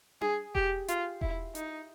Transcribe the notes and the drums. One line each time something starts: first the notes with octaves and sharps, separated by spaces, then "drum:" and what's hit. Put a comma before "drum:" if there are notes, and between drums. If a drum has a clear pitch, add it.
G#4, drum: tom D4
G4, drum: kick E1
F4, drum: hi-hat
E4, drum: kick E1
D#4, drum: hi-hat